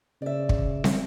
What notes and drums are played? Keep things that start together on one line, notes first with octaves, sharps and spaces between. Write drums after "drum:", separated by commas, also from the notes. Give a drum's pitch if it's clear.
C#3 D5 E5
drum: kick
drum: snare